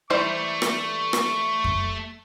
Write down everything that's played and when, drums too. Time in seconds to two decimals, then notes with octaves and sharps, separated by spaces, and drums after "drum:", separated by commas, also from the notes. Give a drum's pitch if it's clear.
0.10 E3 G3 A3 C5 C#6
0.62 drum: rim click
1.13 drum: rim click
1.64 drum: kick F2